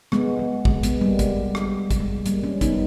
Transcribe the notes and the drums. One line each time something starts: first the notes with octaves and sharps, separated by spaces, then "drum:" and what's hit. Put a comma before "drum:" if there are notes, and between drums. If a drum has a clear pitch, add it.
G#3 B3, drum: rim click
G#3
G#3, drum: kick
G#3 B3, drum: hi-hat
G3 A#3
G#3, drum: kick, hi-hat
drum: rim click
drum: kick, hi-hat
G#3
G3 A#3, drum: hi-hat
A#3 C#4
B3 D#4, drum: kick, hi-hat